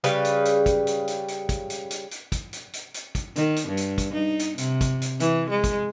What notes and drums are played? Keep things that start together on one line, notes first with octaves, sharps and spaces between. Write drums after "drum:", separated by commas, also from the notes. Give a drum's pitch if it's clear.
C#3 G3 B4, drum: hi-hat
drum: hi-hat
drum: hi-hat
drum: kick, hi-hat
drum: hi-hat
drum: hi-hat
drum: hi-hat
drum: kick, hi-hat
drum: hi-hat
drum: hi-hat
drum: hi-hat
drum: kick, hi-hat
drum: hi-hat
drum: hi-hat
drum: hi-hat
drum: kick, hi-hat
D#3, drum: hi-hat
drum: hi-hat
G2
drum: hi-hat
drum: kick, hi-hat
D#4
drum: hi-hat
C3, drum: hi-hat
drum: kick, hi-hat
drum: hi-hat
E3, drum: hi-hat
G#3
drum: kick, hi-hat